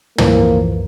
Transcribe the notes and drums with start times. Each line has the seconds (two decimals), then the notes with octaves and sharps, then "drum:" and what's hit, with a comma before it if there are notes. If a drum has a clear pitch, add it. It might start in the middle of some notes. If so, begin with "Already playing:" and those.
0.18 A2 E3 F3 A#3, drum: tom